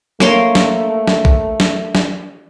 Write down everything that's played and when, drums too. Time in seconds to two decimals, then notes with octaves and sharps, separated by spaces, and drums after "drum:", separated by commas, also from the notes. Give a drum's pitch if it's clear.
0.20 A3 A#3 C#5 C6, drum: snare
0.55 drum: snare
1.07 drum: snare
1.25 drum: kick A#1
1.60 drum: snare
1.95 drum: snare